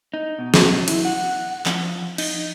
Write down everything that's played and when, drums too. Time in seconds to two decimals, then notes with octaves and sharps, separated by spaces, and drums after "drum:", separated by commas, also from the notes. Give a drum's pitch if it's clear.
0.14 D#4
0.39 B2
0.54 drum: snare
0.88 E4, drum: cymbal
1.05 F#5
1.66 F3, drum: clap
2.18 D#4, drum: cymbal